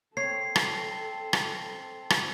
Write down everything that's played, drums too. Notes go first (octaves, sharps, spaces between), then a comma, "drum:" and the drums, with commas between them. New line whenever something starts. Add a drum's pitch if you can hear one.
C4 A4 C#5 C7
drum: rim click
drum: rim click
drum: rim click